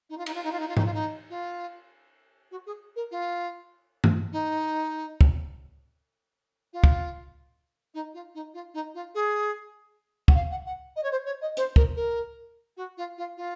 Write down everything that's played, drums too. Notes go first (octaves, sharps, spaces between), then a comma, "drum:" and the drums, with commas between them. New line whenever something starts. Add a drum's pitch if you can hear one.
D#4
F4
D#4, drum: cymbal
F4
D#4
F4
D#4
F4
D#4, drum: tom G#2
F4
D#4
F4
F#4
G#4
A#4
F4
drum: tom
D#4
drum: kick
F4
drum: kick
D#4
F4
D#4
F4
D#4
F4
G#4
F#5, drum: kick
F5
F#5
F#5
D#5
C#5
C5
C#5
D#5
C5, drum: hi-hat
A#4, drum: kick
A#4
F#4
F4
F4
F4